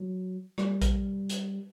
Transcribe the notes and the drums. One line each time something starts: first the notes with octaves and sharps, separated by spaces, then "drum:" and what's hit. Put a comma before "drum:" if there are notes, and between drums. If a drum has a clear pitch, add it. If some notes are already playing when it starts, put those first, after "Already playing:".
Already playing: F#3
G3, drum: rim click
drum: kick A#1, hi-hat
drum: hi-hat